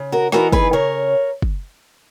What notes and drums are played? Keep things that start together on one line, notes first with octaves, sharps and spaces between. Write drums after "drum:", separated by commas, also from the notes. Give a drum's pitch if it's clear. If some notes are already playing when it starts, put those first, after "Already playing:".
Already playing: C#3
F#4 A#4
E3 B3 D#4 F#4 A#4, drum: snare
G#4 B4, drum: kick
C#3 A#4 C#5
drum: kick